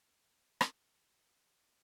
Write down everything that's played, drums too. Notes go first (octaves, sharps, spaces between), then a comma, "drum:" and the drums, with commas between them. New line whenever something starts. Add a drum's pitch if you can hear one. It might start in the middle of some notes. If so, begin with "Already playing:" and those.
C#2 G#3 D4
drum: rim click